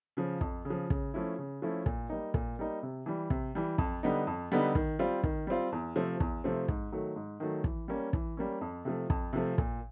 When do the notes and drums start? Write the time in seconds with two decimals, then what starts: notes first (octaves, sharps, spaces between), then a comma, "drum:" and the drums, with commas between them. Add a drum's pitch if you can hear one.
0.17 C#3 F3
0.41 F2, drum: kick
0.65 C#3
0.70 F3
0.90 C#3, drum: kick
1.14 F3 A3 C#4 E4
1.38 C#3
1.62 F3 A3 C#4 E4
1.86 A#2, drum: kick
2.10 G3 A#3 D#4
2.34 A#2, drum: kick
2.59 G3 A#3 D#4
2.83 C3
3.06 E3 G3
3.30 C3, drum: kick
3.55 E3 G3
3.78 F2, drum: kick
4.03 D3 G3 B3 D#4
4.27 F2
4.52 D3 G3 B3 D#4
4.75 D#3, drum: kick
4.99 G3 C4 F4
5.23 D#3, drum: kick
5.47 G3 C4 F4
5.72 E2
5.96 C3 F3 A3 C4
6.20 E2, drum: kick
6.44 C3 F3 A3 C4
6.68 G#2, drum: kick
6.92 D#3 F#3 A3
7.16 G#2
7.40 D#3 F#3 A3
7.64 E3, drum: kick
7.88 G3 A#3 C#4
8.13 E3, drum: kick
8.37 G3 A#3 C#4
8.61 F2
8.85 C3 F3 A3
9.10 F2, drum: kick
9.33 C3 F3 A3
9.58 A#2, drum: kick